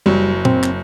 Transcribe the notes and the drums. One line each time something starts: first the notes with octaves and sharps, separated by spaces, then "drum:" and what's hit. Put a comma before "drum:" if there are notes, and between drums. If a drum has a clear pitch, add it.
F#1 F#3 G3
C4, drum: tom
drum: clap